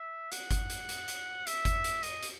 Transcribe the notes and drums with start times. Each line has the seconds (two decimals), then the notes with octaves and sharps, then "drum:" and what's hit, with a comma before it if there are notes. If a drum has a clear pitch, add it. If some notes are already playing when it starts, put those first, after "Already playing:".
Already playing: E5
0.32 F#5, drum: hi-hat
0.51 drum: kick G1, hi-hat
0.70 drum: hi-hat
0.89 drum: hi-hat
1.08 drum: hi-hat
1.47 E5, drum: hi-hat
1.65 drum: kick G1, hi-hat
1.84 drum: hi-hat
2.03 D#5, drum: hi-hat
2.23 drum: hi-hat